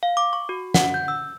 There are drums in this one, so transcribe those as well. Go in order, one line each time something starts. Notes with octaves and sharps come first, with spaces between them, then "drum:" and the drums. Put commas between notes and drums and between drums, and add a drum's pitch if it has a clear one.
F5
D6
C#6
F#4
F#5, drum: snare
G6
E6